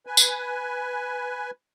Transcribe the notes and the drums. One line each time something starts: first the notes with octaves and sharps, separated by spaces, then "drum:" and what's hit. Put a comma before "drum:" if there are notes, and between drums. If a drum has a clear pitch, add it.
B4 G#5
drum: tambourine